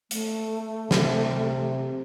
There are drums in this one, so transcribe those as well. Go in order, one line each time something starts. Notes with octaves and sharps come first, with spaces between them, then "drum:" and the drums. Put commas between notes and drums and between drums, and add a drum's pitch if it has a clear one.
A3, drum: hi-hat
C3, drum: snare